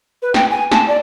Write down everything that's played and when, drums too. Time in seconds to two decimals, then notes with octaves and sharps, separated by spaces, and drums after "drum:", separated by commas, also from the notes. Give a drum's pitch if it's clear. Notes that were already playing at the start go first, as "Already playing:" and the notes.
0.22 B4
0.34 G5, drum: snare
0.50 G#5
0.72 A5, drum: snare
0.88 D5